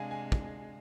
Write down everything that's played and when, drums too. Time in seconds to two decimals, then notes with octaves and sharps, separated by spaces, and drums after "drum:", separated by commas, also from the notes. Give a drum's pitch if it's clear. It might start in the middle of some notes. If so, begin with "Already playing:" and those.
Already playing: C3 G#3 D4 F5 G#5
0.11 G#5
0.32 drum: kick